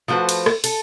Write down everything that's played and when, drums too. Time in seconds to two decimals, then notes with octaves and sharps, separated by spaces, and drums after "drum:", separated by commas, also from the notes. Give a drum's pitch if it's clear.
0.08 F3 A3 F#4 B4 C5
0.29 drum: cymbal
0.46 drum: rim click
0.64 A4, drum: cymbal